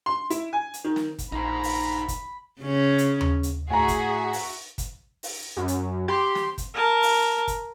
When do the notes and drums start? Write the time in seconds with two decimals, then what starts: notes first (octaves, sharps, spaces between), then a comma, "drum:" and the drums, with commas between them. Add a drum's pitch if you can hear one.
0.06 C6
0.30 E4, drum: hi-hat
0.53 G#5
0.74 drum: hi-hat
0.84 D#3
0.96 drum: snare
1.19 drum: kick, hi-hat
1.32 A#1 D#4 C5 A#5 B5
1.63 drum: open hi-hat
2.08 drum: kick, hi-hat
2.61 C#3 C#4
2.98 drum: hi-hat
3.21 drum: tom D#2
3.43 drum: hi-hat
3.70 A2 F#4 G#4 E5 G#5 A#5
3.88 drum: kick, hi-hat
4.33 drum: open hi-hat
4.78 drum: kick, hi-hat
5.23 drum: open hi-hat
5.57 F#2
5.68 drum: hi-hat
6.08 G4 C6
6.35 drum: snare
6.58 drum: kick, hi-hat
6.74 A#4 A5
7.03 drum: open hi-hat
7.48 drum: kick, hi-hat